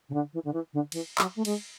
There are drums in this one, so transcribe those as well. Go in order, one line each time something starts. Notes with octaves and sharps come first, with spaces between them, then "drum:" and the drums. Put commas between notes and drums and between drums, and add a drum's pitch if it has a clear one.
C#3
D3
E3
D3
E3
D3
E3, drum: cymbal
F#3, drum: clap
A3
G#3, drum: cymbal